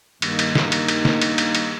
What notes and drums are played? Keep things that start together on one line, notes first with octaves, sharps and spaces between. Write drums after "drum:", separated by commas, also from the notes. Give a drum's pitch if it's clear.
G2 D#3 A#3 D#4, drum: cymbal
drum: cymbal
drum: snare
drum: cymbal
drum: cymbal
drum: snare
drum: cymbal
drum: cymbal
drum: cymbal